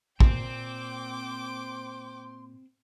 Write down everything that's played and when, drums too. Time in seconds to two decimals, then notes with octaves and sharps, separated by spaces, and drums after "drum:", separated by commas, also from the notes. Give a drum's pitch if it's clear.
0.20 A#2 C4 G5 C6 D6, drum: kick A1